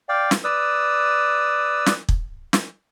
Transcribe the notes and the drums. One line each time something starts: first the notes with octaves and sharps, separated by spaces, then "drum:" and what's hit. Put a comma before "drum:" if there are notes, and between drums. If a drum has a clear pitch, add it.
D5 F5 G5
drum: snare
B4 D5 D#6 E6
drum: snare
drum: kick
drum: snare